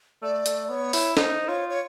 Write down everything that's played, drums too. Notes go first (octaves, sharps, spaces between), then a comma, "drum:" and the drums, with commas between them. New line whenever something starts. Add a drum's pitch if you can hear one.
A3 D5
A3, drum: hi-hat
B3 C#5
E4, drum: open hi-hat
D#4 C5, drum: snare
F4 C#5
C#5